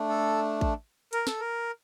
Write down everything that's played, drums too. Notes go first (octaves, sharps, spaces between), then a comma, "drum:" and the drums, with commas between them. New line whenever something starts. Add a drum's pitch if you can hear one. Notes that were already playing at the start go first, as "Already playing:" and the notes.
Already playing: A3 D4
A4
drum: kick A1
A#4, drum: hi-hat
A4, drum: snare
A#4